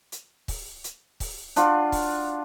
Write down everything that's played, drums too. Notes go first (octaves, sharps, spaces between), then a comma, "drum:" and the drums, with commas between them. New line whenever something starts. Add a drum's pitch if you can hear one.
drum: hi-hat
drum: kick, open hi-hat
drum: hi-hat
drum: kick, open hi-hat
D4 F4 F#4, drum: hi-hat
drum: kick, open hi-hat